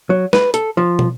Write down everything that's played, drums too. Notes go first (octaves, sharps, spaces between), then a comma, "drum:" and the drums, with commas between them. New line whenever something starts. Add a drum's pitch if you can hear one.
F#3
B4, drum: snare
A4, drum: hi-hat
F3
drum: tom